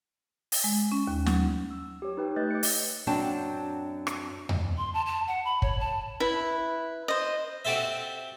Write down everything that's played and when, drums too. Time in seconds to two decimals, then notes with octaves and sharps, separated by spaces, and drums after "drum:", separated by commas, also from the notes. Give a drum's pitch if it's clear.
0.52 drum: open hi-hat
0.64 G#3
0.92 C#4
1.07 D#2
1.26 F#3, drum: snare
1.70 E6
2.02 G4 C#5
2.17 D#4 B4 G5
2.36 A3 B4 D#5 F#6 G6 A6
2.51 D6 C#7
2.63 drum: open hi-hat
3.07 F#2 F#3 C4 D4 G5 A5
4.07 drum: rim click
4.49 drum: tom E2
4.77 C6
4.94 A5
5.06 A5
5.28 F#5
5.45 B5
5.62 C#5, drum: kick
5.80 A5
6.20 E4 B4
7.08 C5 D#5
7.65 C4 F#4 G4 A4 C5 E5